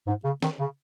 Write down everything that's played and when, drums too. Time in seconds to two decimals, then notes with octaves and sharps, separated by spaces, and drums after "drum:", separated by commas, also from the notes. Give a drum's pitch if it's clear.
0.07 G#2
0.24 C#3
0.42 D#3, drum: snare
0.60 C#3